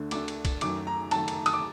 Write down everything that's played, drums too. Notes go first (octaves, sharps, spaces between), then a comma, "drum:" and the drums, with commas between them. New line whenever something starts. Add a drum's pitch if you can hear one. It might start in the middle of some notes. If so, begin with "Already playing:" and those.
Already playing: D2 D3 A3 D4
D2 D3 A3 D4 D6, drum: cymbal
drum: cymbal
drum: kick, cymbal
F#2 D#3 A3 D6, drum: cymbal
A#5
F#2 D#3 A3 A5, drum: cymbal
drum: cymbal
D#6, drum: cymbal
D6